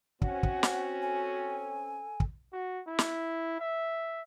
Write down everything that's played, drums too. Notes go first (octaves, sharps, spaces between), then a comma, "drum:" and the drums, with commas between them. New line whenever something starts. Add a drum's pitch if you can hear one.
C4 C#4 F#4 F#5, drum: kick
drum: kick
drum: snare
A4 G#5
drum: kick
F#4
E4
drum: snare
E5